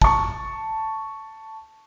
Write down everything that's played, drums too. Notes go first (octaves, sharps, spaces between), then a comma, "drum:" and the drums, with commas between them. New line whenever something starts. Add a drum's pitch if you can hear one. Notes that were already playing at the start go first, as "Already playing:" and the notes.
A5 C#6, drum: kick